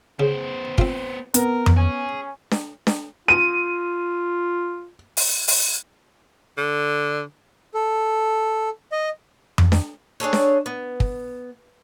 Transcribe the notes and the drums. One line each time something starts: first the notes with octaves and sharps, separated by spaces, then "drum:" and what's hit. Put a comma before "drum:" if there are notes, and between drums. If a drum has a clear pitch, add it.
C#3 B3 C5
C4 F4, drum: kick
B3 A#4, drum: hi-hat
drum: tom F2
C#4 G#4
drum: snare D4
drum: snare D4
F4 D#7
drum: open hi-hat
drum: open hi-hat
D3
A4
D#5
drum: tom F2
drum: snare D4
D4 G#4 A4 C#5
drum: snare D4
B3
drum: kick